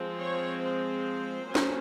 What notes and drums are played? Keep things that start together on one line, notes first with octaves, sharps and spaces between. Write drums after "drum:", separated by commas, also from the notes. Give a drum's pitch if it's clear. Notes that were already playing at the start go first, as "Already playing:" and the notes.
Already playing: F3 G#3 C4
C#5
C5
F#3 A#3 C#4
drum: snare